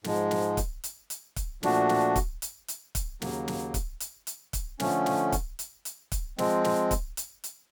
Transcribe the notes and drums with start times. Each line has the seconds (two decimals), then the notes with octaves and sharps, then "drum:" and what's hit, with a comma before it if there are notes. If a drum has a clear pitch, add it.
0.04 G#2 F3 G#3, drum: snare
0.31 drum: snare
0.57 drum: kick, hi-hat
0.84 drum: hi-hat
1.10 drum: hi-hat
1.36 drum: kick, hi-hat
1.63 A#2 F3 A3 D4 F#4, drum: snare
1.89 drum: snare
2.16 drum: kick, hi-hat
2.42 drum: hi-hat
2.68 drum: hi-hat
2.95 drum: kick, hi-hat
3.22 D#2 C#3 F#3 A#3, drum: snare
3.48 drum: snare
3.74 drum: kick, hi-hat
4.00 drum: hi-hat
4.27 drum: hi-hat
4.53 drum: kick, hi-hat
4.80 D3 F3 A3 C#4, drum: snare
5.06 drum: snare
5.32 drum: kick, hi-hat
5.59 drum: hi-hat
5.85 drum: hi-hat
6.12 drum: kick, hi-hat
6.38 F3 G#3 C4, drum: snare
6.64 drum: snare
6.91 drum: kick, hi-hat
7.17 drum: hi-hat
7.44 drum: hi-hat